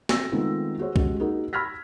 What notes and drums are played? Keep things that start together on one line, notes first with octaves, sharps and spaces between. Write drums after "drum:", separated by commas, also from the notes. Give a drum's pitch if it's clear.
C4 E6 A#6, drum: snare
D#3 G#3 A3 B3 C4 F4
F#4 G#4 C5 C#5
G#3 C#4 F#4 G4, drum: kick
A#3 D#4 F#4 G#4 A#4
B5 E6 F6 G#6 A#6 B6